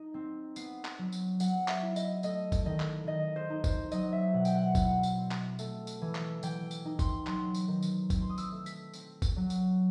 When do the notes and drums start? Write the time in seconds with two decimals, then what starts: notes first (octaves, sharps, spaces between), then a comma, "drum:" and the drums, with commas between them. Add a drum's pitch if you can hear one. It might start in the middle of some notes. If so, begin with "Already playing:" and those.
Already playing: D#4
0.14 C4
0.56 B3 C7, drum: tambourine
0.85 B6, drum: clap
0.99 F#3
1.12 drum: tambourine
1.40 F#3 F#5, drum: tambourine
1.68 E5, drum: clap
1.83 E4
1.96 D#5, drum: tambourine
2.23 A3 D#5, drum: tambourine
2.52 drum: kick, tambourine
2.66 D#3 D#5
2.80 drum: clap
3.07 D#3 D#5
3.36 C5
3.50 D#4
3.64 C5, drum: kick, tambourine
3.92 F#3 D#5, drum: tambourine
4.12 E5
4.33 B2 F#5
4.45 G5, drum: tambourine
4.55 F#5
4.75 E4 F#5, drum: kick, tambourine
5.03 drum: tambourine
5.17 C4
5.31 drum: clap
5.59 A3, drum: tambourine
5.87 drum: tambourine
6.02 E3
6.15 drum: clap
6.43 E3 G5, drum: tambourine
6.71 drum: tambourine
6.85 D#4
6.99 C6, drum: kick, tambourine
7.27 F#3 C6, drum: clap
7.55 drum: tambourine
7.68 D#3
7.82 drum: tambourine
8.10 C4, drum: kick, tambourine
8.21 C6
8.30 D#6
8.38 E6, drum: tambourine
8.52 A3
8.66 B6, drum: tambourine
8.94 C4, drum: tambourine
9.22 drum: kick, tambourine
9.36 F#3
9.50 drum: tambourine